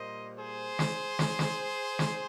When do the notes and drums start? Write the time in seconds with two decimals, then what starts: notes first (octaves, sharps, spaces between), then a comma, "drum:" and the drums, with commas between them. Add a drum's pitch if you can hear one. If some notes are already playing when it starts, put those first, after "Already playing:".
Already playing: A#2 G3 A#3 C5 D#5
0.39 G#4 C5
0.79 drum: snare
1.19 drum: snare
1.39 drum: snare
1.99 drum: snare